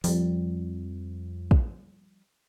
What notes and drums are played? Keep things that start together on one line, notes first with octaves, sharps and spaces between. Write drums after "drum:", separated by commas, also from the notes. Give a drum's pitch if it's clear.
F2 F3 G3, drum: open hi-hat
drum: kick